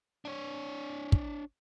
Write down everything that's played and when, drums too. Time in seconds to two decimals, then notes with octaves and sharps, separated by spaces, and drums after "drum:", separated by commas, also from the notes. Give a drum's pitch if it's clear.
0.25 D4 C#5
1.12 drum: kick